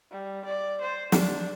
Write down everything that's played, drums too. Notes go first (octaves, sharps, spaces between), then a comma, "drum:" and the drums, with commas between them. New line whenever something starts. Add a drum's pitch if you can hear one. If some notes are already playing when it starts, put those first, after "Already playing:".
G3
D5
C5
D4, drum: snare